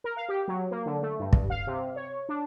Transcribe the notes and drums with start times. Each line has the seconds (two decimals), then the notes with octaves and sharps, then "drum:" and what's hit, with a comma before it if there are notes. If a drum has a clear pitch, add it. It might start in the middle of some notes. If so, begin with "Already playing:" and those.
0.04 A#4
0.17 F5
0.29 G4
0.48 F#3
0.71 A#3
0.86 D3
1.02 A3
1.19 G2
1.33 drum: kick
1.50 F5
1.67 C3
1.96 C#5
2.29 D4